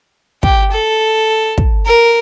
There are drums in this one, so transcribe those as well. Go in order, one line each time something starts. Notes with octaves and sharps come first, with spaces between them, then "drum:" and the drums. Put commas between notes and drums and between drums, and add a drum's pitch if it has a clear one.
G4, drum: kick
A4
drum: kick
A#4